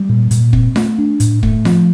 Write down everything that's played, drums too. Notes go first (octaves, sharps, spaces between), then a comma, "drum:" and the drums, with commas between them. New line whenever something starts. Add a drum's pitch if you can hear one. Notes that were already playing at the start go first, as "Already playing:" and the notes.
Already playing: G3
A#2
A#2, drum: hi-hat
C4, drum: kick
A3, drum: snare F4
D4
A2, drum: hi-hat
A3, drum: kick
F3, drum: snare F4